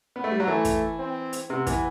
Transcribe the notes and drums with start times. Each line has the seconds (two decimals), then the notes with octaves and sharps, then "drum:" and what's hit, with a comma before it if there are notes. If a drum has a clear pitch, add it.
0.16 B3
0.24 A3
0.31 G3
0.40 F#3
0.48 E3 A3
0.65 drum: kick, hi-hat
0.98 C4
1.33 drum: hi-hat
1.49 C3 B3
1.67 E3, drum: kick, hi-hat